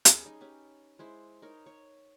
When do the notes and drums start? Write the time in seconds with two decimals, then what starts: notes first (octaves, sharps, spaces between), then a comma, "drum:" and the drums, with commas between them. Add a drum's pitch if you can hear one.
0.05 G3 C#4 G#4, drum: hi-hat
0.26 D#4 G#5
0.41 C#4 G4 B4
0.99 G#3 E4 C5
1.42 D#4 A#4 C#5
1.66 C#5